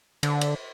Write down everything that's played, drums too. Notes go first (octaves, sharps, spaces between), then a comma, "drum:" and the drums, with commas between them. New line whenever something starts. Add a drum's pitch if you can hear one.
D3, drum: cymbal
drum: cymbal